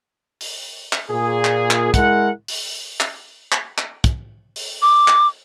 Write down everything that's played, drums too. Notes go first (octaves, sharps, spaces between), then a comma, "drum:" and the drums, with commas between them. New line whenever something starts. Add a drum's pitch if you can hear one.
drum: open hi-hat
drum: clap
A#2 G#4
drum: clap
drum: clap
G#3 E4 A#4 F#5, drum: kick, hi-hat
drum: open hi-hat
drum: clap
drum: clap
drum: clap
drum: kick, hi-hat
drum: open hi-hat
D6
drum: clap